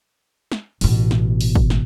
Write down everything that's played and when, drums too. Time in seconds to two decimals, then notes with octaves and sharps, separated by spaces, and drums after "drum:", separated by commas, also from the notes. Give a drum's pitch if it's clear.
0.52 drum: snare
0.81 A1 B2, drum: open hi-hat
1.11 drum: snare
1.41 drum: open hi-hat
1.55 drum: kick
1.70 drum: snare